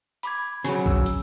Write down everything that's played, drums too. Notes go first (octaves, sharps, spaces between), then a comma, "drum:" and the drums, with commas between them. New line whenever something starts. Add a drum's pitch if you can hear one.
B5 D6 G#6, drum: hi-hat
C#3 F#3 G#5, drum: snare
E6, drum: kick A1
drum: hi-hat